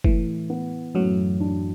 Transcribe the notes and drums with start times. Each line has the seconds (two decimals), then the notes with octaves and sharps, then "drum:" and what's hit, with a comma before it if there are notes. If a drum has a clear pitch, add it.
0.04 A2 E3, drum: kick F#1
0.50 B3
0.95 F#2 A2 F#3
1.40 D4